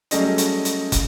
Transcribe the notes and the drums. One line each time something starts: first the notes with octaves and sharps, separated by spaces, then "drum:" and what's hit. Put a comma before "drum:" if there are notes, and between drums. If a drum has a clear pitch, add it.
F#3 G3 A3 C#4 G#4 D#5, drum: hi-hat
drum: hi-hat
drum: hi-hat
drum: kick, hi-hat